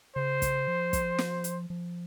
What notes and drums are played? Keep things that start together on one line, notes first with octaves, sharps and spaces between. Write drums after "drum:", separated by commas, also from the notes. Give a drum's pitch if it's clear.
C#3 C5
drum: kick, hi-hat
F3
drum: kick, hi-hat
drum: snare
drum: hi-hat
F3